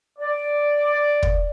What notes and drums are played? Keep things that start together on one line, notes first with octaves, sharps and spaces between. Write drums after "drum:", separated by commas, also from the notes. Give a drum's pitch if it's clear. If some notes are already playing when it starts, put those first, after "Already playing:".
D5
drum: kick